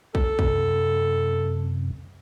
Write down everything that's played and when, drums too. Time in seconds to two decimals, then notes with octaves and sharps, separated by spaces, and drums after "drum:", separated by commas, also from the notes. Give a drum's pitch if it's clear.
0.15 A4, drum: kick
0.39 F#2 C3, drum: kick